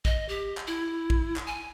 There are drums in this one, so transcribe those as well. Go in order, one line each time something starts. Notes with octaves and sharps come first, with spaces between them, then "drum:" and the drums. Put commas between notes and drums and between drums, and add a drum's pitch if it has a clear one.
D#5, drum: kick A#1
G4
drum: clap
E4
drum: kick A#1
drum: clap
G#5